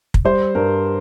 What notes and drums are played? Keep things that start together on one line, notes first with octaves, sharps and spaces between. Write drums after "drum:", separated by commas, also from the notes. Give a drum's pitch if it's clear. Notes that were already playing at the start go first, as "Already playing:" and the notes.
drum: kick
G3 C5
G2 A#4